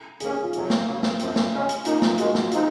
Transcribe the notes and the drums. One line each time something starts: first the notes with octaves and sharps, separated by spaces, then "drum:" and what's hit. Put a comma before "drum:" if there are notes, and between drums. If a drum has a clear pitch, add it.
D#2 D#3 A#3 C#4 G#4, drum: hi-hat
F4
F2 C3 F#3, drum: hi-hat
drum: snare
C#3 F#3 A#3
drum: snare
F#2 F3 C4, drum: hi-hat
drum: snare
C#3 G#3 C#4
drum: hi-hat
F#2 D#3 A#3 D#4 F4, drum: hi-hat
drum: snare
G#2 D#3 G#3 F#4, drum: hi-hat
drum: snare
F3 G#3 C4 D#4 F4, drum: hi-hat